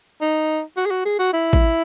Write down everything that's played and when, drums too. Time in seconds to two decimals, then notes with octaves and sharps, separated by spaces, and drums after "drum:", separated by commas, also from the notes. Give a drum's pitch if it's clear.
0.21 D#4
0.77 F#4
0.86 G#4
0.91 F#4
1.05 G#4
1.19 F#4
1.33 E4
1.53 drum: kick